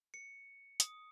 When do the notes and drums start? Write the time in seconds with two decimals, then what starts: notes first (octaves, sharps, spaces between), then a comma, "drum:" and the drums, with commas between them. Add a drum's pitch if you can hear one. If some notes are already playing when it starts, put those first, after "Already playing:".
0.14 C#7
0.80 D#6, drum: hi-hat